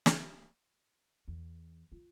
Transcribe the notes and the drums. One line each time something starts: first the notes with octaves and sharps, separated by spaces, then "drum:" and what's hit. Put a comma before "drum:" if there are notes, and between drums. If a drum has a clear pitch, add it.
drum: snare
E2
F4